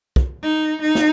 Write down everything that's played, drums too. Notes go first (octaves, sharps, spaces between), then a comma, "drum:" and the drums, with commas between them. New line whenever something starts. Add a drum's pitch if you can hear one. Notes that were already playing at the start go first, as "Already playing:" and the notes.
drum: kick
D#4
D#4
drum: snare